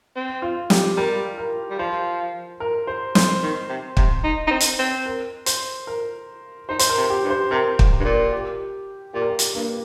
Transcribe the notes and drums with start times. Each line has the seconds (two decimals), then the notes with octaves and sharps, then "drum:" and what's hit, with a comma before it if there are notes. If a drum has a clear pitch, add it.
0.16 C4
0.42 F4
0.70 G4, drum: snare
0.97 G3 A#4
1.38 A#4
1.70 G3
1.79 F3 C5
2.60 A#4
2.87 C5
3.15 C5, drum: snare
3.43 D#3
3.69 C3
3.97 C3, drum: kick
4.24 D#4
4.47 D#4
4.51 C4
4.60 drum: hi-hat
4.79 C4
5.06 A#4
5.46 C5, drum: hi-hat
5.87 A#4
6.69 D#4 C5
6.79 C5, drum: hi-hat
6.89 A#4
6.97 C3
7.10 G4
7.24 G2
7.30 C5
7.51 C3 A#4
7.79 drum: kick
8.00 G2
8.05 A#2
8.32 G4
9.14 A#2 G4
9.22 A#4
9.30 G4
9.39 drum: hi-hat
9.54 G2 A#3